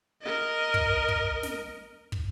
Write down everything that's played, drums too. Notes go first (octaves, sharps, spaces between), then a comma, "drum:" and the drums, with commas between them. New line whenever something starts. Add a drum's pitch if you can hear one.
A#4 D#5
drum: kick
drum: kick
drum: snare
drum: kick